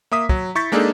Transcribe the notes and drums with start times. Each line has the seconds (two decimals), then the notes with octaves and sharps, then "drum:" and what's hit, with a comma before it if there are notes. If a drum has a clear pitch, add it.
0.12 A#3 E5 D#6 B6
0.29 F#3, drum: kick
0.55 E4 C#6 G6 A6 B6
0.72 G#3 A#3 D4 D#4 G#4 A4